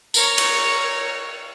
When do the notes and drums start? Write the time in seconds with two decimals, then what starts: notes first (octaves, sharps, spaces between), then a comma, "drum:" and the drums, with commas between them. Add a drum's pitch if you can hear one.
0.14 A#4 C#5, drum: tambourine
0.38 drum: cymbal